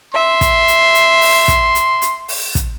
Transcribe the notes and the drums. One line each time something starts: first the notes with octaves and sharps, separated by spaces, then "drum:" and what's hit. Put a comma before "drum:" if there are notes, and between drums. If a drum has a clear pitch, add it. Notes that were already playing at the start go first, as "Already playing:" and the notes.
E5 C6
drum: kick, hi-hat
drum: hi-hat
drum: hi-hat
drum: open hi-hat
drum: kick, hi-hat
drum: hi-hat
drum: hi-hat
drum: open hi-hat
drum: kick, hi-hat